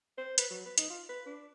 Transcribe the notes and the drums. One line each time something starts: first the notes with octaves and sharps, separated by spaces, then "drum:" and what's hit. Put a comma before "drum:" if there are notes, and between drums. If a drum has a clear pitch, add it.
C5
B4, drum: hi-hat
F#3
B4
D#4, drum: hi-hat
F4
B4
D4